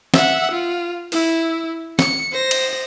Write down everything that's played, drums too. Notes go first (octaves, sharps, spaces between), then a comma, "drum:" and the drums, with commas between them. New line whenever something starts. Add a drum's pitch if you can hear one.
E5 F#5, drum: snare
F4
E4, drum: open hi-hat
C#7, drum: snare
C5 A#6
drum: cymbal